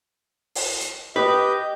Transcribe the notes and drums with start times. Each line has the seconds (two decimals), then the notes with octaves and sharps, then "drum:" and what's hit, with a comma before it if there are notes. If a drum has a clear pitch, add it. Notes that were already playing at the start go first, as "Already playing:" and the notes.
0.55 drum: open hi-hat
0.80 drum: hi-hat
1.16 G4 B4 D#5 G6